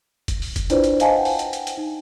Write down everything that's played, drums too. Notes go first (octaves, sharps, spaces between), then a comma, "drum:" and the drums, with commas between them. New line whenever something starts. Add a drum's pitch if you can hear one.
drum: kick, hi-hat
drum: open hi-hat
drum: kick, hi-hat
D4 E4 F4 B4 C5 D5, drum: hi-hat
drum: hi-hat
C5 D#5 F5 G#5 A5, drum: hi-hat
F#5 G5
drum: open hi-hat
drum: hi-hat
drum: hi-hat
drum: hi-hat
D#4